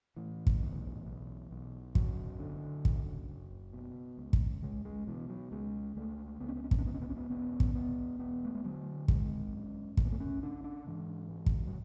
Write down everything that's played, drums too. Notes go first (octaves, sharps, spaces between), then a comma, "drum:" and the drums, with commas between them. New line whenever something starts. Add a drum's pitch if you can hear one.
A2 E3
drum: kick
B1
B1
B1
F#1 F#3, drum: kick
D3
F#1, drum: kick
F#1
B2
C#2
drum: kick
C#2 G#3
G#3
B2 E3
F#3
C#2 G#3
C#2 A3
C#2 B3
C#4
B3
C#4
B3, drum: kick
C#4
C#3 B3
C#4
B3
C#4
B3
E1 B3
drum: kick
E1 B3
E1 B3
A3
G#3
D3 F#3
G#1 G#3, drum: kick
F#2
F#2 A3, drum: kick
B3
A3
C#4
C#3 D4
D4
G#2 E3
G#2
drum: kick
F#3